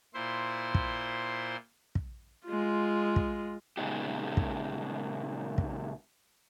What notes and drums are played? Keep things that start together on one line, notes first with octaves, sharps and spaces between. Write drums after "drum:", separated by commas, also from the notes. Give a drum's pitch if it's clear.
A#2 E4 C5 C6
drum: kick
drum: kick
G#3 F4
drum: kick
A#2 C#3 G#3 B3 D#4 G4
drum: kick
drum: kick